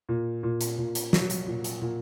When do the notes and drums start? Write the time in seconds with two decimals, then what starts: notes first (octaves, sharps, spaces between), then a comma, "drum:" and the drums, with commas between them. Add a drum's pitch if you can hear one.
0.09 A#2
0.43 A#2
0.61 drum: hi-hat
0.78 A#2
0.95 drum: hi-hat
1.13 F#3, drum: snare
1.30 drum: hi-hat
1.47 A#2
1.64 drum: hi-hat
1.82 A#2